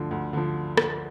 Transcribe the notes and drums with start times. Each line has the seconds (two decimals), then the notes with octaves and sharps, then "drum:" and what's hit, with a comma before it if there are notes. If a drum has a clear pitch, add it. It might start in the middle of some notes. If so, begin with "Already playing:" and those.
Already playing: D2 D3 F3
0.11 D2
0.33 D3 F3
0.77 drum: rim click